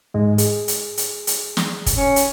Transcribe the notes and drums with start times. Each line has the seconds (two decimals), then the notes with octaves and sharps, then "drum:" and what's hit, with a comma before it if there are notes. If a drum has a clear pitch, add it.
0.14 G#2 G#3
0.38 G#4, drum: hi-hat
0.68 drum: hi-hat
0.97 drum: hi-hat
1.27 drum: hi-hat
1.57 drum: snare
1.86 drum: kick, hi-hat
1.96 C#4
2.16 drum: hi-hat